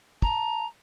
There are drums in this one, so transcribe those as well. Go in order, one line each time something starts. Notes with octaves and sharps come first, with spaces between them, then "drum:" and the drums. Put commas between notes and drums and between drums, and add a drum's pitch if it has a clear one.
A5 A#5, drum: kick